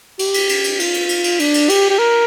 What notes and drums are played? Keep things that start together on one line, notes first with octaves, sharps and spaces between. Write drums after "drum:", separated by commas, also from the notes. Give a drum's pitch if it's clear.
G4, drum: cymbal
drum: cymbal
drum: cymbal
drum: cymbal
F4, drum: cymbal
drum: cymbal
drum: cymbal
drum: cymbal
D4, drum: cymbal
drum: cymbal
G4, drum: cymbal
G4
A#4